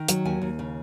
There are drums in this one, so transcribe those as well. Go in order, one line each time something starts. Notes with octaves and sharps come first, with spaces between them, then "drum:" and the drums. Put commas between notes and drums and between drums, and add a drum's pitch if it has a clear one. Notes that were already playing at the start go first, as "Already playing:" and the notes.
Already playing: D#3
F#3, drum: hi-hat
D#2 G#5
D#2
C#3